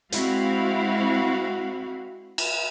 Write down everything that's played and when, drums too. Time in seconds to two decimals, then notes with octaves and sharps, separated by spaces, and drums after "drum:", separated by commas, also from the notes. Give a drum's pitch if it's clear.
0.12 G#3 C4 E4 F#4 F5, drum: hi-hat
2.38 drum: cymbal